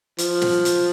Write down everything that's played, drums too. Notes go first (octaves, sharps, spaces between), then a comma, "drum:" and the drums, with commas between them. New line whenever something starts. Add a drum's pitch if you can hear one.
F3, drum: hi-hat
drum: snare
drum: hi-hat